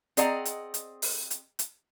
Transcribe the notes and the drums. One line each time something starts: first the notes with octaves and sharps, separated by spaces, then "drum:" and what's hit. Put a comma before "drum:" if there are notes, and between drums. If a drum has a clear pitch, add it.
C4 G#4 D5 D#5 F#5 A#5, drum: hi-hat
drum: hi-hat
drum: hi-hat
drum: open hi-hat
drum: hi-hat
drum: hi-hat